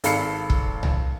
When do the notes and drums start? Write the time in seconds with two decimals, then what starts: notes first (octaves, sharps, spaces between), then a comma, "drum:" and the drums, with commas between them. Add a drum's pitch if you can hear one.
0.04 G#1 A4 F5 B5 C7 C#7, drum: hi-hat
0.50 drum: kick
0.83 drum: tom C2